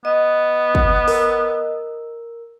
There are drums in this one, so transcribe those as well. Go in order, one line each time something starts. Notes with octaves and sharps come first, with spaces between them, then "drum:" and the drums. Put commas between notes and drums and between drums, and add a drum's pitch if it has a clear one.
B3 D#5
drum: kick
A#4, drum: open hi-hat